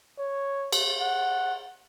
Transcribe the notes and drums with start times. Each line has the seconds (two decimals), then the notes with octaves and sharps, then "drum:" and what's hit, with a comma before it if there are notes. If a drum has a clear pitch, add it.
0.19 C#5
0.72 drum: cymbal
1.01 F#5